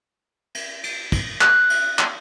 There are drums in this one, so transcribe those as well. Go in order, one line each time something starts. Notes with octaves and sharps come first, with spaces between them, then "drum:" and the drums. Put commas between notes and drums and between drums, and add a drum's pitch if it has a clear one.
drum: cymbal
drum: cymbal
drum: kick, cymbal
F#6, drum: clap
drum: cymbal
drum: clap